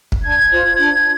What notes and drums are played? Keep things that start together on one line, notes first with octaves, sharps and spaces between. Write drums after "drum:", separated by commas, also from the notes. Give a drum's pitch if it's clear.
drum: kick
D4 G#6
F4 C5
D4